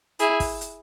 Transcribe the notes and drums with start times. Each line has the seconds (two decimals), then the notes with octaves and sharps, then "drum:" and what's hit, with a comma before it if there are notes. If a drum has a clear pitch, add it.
0.19 E4 G#4, drum: hi-hat
0.40 drum: kick, open hi-hat
0.61 drum: hi-hat